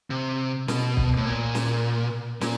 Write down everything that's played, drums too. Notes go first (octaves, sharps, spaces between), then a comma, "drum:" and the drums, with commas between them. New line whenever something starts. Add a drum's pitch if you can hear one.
C3
B2, drum: snare
drum: kick
A2
A#2
drum: snare
A#2, drum: snare